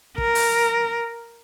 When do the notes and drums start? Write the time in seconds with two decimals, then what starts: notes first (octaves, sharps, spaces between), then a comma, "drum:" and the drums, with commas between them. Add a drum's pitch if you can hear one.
0.18 A#4, drum: kick
0.35 drum: open hi-hat